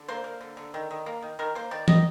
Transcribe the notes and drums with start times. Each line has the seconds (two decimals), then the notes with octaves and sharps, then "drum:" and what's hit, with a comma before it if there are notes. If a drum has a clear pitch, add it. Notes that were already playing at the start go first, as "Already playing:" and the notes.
Already playing: D3
0.08 A#3 C5
0.24 A#3
0.41 D3
0.57 D3
0.74 D#3
0.91 D#3
1.06 A#3
1.22 D#3
1.39 D#3 A#4
1.55 A#3 C5
1.71 D#3 D5
1.88 D#3 D#5, drum: tom